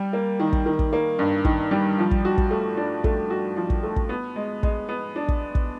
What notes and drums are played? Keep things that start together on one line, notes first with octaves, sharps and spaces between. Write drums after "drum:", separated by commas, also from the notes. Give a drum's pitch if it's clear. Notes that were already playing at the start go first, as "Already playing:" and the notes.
Already playing: G3
A#3
D#3
drum: kick
D#3
drum: kick
A#3
G2
D#3, drum: kick
G3
F3
drum: kick
F#4
drum: kick
A3
D4
A3, drum: kick
F#4
F3
drum: kick
A3
drum: kick
B3
G#3
G#3, drum: kick
B3
D4
drum: kick
drum: kick